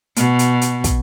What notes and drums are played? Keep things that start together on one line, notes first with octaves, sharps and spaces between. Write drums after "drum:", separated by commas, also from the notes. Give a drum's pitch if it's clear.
B2, drum: hi-hat
drum: hi-hat
drum: hi-hat
drum: kick, hi-hat